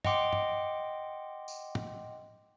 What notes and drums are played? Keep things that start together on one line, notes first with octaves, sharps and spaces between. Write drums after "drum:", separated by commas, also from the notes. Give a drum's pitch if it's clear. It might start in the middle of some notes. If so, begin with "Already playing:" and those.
D#5 F#5 G5 C6 D6, drum: tom
drum: tom
drum: tambourine
drum: tom